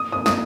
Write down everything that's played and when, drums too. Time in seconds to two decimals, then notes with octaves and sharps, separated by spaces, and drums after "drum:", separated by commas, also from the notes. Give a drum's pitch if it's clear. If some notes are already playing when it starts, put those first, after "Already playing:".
Already playing: D#6
0.12 D#6
0.26 D#6, drum: snare